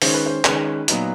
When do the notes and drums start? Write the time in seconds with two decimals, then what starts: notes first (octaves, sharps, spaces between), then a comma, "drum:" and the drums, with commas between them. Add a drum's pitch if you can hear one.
0.02 D#3 G#3 C#4 C5, drum: open hi-hat
0.14 B4
0.26 C5
0.45 D#3 G#3 C#4 B4, drum: clap
0.88 A#2 F#3 B3 D#4, drum: hi-hat